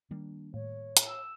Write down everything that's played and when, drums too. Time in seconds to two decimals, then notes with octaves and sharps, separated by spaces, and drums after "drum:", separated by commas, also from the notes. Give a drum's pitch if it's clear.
0.11 D#3 G3 A#3 D4
0.54 A2 C#5
0.97 drum: hi-hat
1.08 E6